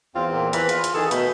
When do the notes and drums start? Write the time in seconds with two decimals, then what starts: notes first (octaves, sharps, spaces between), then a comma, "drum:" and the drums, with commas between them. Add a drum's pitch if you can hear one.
0.15 E2 C4 F4
0.32 A#2
0.53 E2 E3 B4 B5, drum: hi-hat
0.69 F4, drum: hi-hat
0.84 drum: hi-hat
0.94 D#3 E3 G#4 A4
1.11 B2 A3 B5 G6, drum: hi-hat